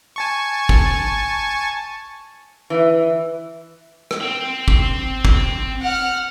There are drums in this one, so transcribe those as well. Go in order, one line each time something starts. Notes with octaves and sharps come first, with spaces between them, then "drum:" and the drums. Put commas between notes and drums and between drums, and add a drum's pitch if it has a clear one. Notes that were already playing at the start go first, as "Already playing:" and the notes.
G#5 A5 C#6
drum: kick
E3
drum: rim click
C4 G5
drum: kick
drum: kick
F#5 F6